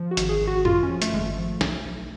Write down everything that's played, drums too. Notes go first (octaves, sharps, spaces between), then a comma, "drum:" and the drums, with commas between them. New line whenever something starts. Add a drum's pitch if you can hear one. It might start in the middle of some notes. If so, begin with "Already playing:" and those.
Already playing: F3
F#4
G#1, drum: hi-hat
G#4
G#1
F#4
F#2 F4, drum: tom
C#4
F3
A3, drum: hi-hat
G#1 G#3
A3
F3
B1, drum: snare
B1